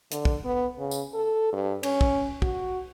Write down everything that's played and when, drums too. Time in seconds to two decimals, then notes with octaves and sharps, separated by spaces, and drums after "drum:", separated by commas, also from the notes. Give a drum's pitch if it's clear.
0.12 D3, drum: hi-hat
0.25 drum: kick
0.45 B3
0.78 C#3
0.91 drum: tambourine
1.14 A4
1.52 G2
1.83 C#4, drum: cymbal
2.01 drum: kick
2.42 F#4, drum: kick